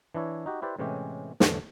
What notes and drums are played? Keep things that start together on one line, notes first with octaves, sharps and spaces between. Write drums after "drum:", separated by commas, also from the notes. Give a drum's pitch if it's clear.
E3 D4 E4 C#5
D#4 F#4 G4
E4 G4 B4 C5 D5
A2 C3 E3 G#3 C#4 G4
E2 A2 D3 E3 A3, drum: snare